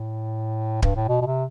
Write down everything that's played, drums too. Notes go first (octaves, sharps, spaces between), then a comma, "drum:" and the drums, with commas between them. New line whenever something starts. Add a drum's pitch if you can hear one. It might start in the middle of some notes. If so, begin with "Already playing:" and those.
Already playing: A2
G2, drum: kick D1
A2
B2
B2
C3